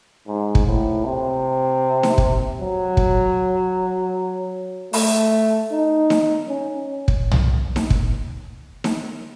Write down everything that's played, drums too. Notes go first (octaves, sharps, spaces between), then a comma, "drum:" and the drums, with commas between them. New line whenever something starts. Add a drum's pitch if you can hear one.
G#2
drum: kick
A2
C3
drum: snare D#4
drum: kick
F#3
drum: kick
A3, drum: open hi-hat
D#4
drum: snare D#4
C#4
drum: kick
drum: tom
drum: snare D#4
drum: kick
drum: snare D#4